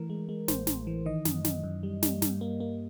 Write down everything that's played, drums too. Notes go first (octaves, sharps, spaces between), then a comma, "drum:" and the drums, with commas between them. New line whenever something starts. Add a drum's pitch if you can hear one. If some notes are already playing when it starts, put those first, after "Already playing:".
Already playing: E3 A3 A#4
G#3
G#3
A1 C5, drum: snare
A1, drum: snare
E3
D#3 D#5
F#2, drum: snare
F#2, drum: snare
F#2
G3
G3, drum: snare
G2, drum: snare
A#3
A#3